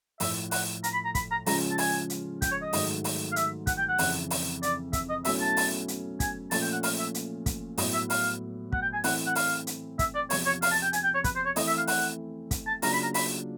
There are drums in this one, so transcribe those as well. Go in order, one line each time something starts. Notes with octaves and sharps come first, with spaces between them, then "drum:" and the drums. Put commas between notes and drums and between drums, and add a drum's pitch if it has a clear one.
A2 F3 A3 E5, drum: open hi-hat
F#5, drum: open hi-hat
A#5, drum: hi-hat
B5
A#5
B5, drum: kick, hi-hat
A#5
C#3 F3 G#3 C#4 F4 A#5, drum: open hi-hat
A5
G#5, drum: open hi-hat
drum: hi-hat
G5, drum: kick, hi-hat
C#5
D#5
G#2 D#3 F#3 A3, drum: open hi-hat
drum: open hi-hat
F5
E5, drum: hi-hat
F#5, drum: kick, hi-hat
G5
F#5
F2 C#3 E3, drum: open hi-hat
drum: open hi-hat
D5, drum: hi-hat
E5, drum: kick, hi-hat
D#5
B2 F#3 A3 C#4 E4 E5, drum: open hi-hat
A5
drum: open hi-hat
drum: hi-hat
G#5, drum: kick, hi-hat
A#2 F3 A3 C#4 F4 A5, drum: open hi-hat
G5
F#5
F5, drum: open hi-hat
E5
drum: hi-hat
drum: kick, hi-hat
A2 F#3 B3 E4 D#5, drum: open hi-hat
E5
F5, drum: open hi-hat
F#5, drum: kick
G5
G#5
E3 A3 C4 E4 F#5, drum: open hi-hat
F#5
F5, drum: open hi-hat
drum: hi-hat
E5, drum: kick, hi-hat
D5
E2 C3 F3 C#5, drum: open hi-hat
C#5
F5, drum: open hi-hat
A5
G5
G#5, drum: hi-hat
G5
C#5
B4, drum: kick, hi-hat
C5
C#5
E3 A3 C4 E4 D#5, drum: open hi-hat
E5
F5
F#5, drum: open hi-hat
drum: kick, hi-hat
A5
C#3 F#3 A#3 D4 F4 A#5, drum: open hi-hat
B5
A#5
B5, drum: open hi-hat